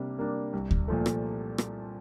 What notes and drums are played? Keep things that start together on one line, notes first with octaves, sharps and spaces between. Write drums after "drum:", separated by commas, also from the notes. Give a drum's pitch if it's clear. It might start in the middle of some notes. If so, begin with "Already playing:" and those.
Already playing: C3 G3 A#3 D4
G3 A#3 D4
C2
drum: kick D2
A#2 F3 A3
drum: rim click
drum: rim click